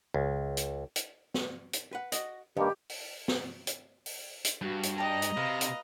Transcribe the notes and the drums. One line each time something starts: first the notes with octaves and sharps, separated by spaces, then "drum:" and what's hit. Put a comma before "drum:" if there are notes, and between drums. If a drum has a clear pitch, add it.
C#2
drum: hi-hat
drum: hi-hat
drum: snare
drum: hi-hat
B4 F#5
F#4 D#5, drum: hi-hat
G2 D#3 A#3 G4
drum: open hi-hat
drum: snare
drum: hi-hat
drum: open hi-hat
drum: hi-hat
G2 F#4
drum: hi-hat
D5 D#5 G5 A5 A#5
drum: hi-hat
C3 B4 F5
drum: hi-hat